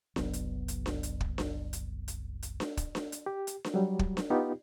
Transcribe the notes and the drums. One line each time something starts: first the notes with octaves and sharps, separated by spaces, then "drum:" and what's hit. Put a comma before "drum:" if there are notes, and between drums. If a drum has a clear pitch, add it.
F#1 C2 F#3 B3, drum: snare D4
drum: hi-hat
drum: hi-hat
drum: snare D4
drum: hi-hat
drum: kick
drum: snare D4
drum: hi-hat
drum: hi-hat
drum: hi-hat
drum: snare D4
drum: kick, hi-hat
drum: snare D4
drum: hi-hat
G4
drum: hi-hat
drum: snare D4
F#3 G3
drum: kick
drum: snare D4
B3 D#4 F4 G4